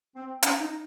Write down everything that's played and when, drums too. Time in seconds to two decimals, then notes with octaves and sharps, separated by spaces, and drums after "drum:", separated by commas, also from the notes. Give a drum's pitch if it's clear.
0.16 C4
0.43 C#4, drum: hi-hat
0.60 D#4